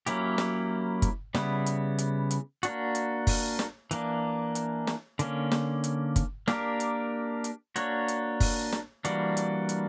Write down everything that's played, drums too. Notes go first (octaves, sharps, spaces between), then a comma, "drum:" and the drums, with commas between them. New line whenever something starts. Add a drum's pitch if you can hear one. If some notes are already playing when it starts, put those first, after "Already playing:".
F#3 A#3 C#4 E4 G4, drum: hi-hat
drum: snare
drum: kick, hi-hat
C#3 G3 B3 E4, drum: snare
drum: hi-hat
drum: hi-hat
drum: hi-hat
A#3 D4 F#4, drum: hi-hat
drum: hi-hat
drum: kick, open hi-hat
drum: snare
E3 A#3 D4, drum: hi-hat
drum: hi-hat
drum: snare
D3 A#3 C#4, drum: hi-hat
drum: snare
drum: hi-hat
drum: kick, hi-hat
A#3 D4 G4 A#4, drum: snare
drum: hi-hat
drum: hi-hat
A#3 D4 F#4 C#5, drum: hi-hat
drum: hi-hat
drum: kick, open hi-hat
drum: snare
E3 G3 A#3 D4 F#4, drum: hi-hat
drum: hi-hat
drum: hi-hat